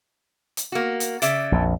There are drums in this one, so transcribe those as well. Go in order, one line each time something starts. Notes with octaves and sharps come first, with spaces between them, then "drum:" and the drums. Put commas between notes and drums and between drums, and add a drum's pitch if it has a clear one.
drum: hi-hat
A#3 F#4
drum: hi-hat
C#3 D5 E5, drum: hi-hat
A#1 F2